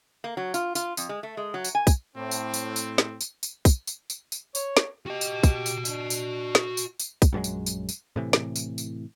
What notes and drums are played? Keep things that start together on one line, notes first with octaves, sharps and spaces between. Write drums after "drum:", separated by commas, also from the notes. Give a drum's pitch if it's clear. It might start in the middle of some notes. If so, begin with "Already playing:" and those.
A#3
F#3
F4, drum: tambourine
F4, drum: tambourine
F2, drum: tambourine
G#3
A3
G#3
F#3
drum: tambourine
G#5
drum: kick, tambourine
A2 C4
drum: tambourine
drum: tambourine
drum: tambourine
drum: snare
drum: tambourine
drum: tambourine
drum: kick, tambourine
drum: tambourine
drum: tambourine
drum: tambourine
C#5, drum: tambourine
drum: snare
F#4 G4 D#5
drum: tambourine
drum: kick, tambourine
drum: tambourine
D4, drum: tambourine
drum: tambourine
drum: snare
drum: tambourine
drum: tambourine
drum: kick, tambourine
A#1 F#2 F#3 G#3
drum: tambourine
drum: tambourine
drum: tambourine
A2 C3 E3
drum: snare
drum: tambourine
drum: tambourine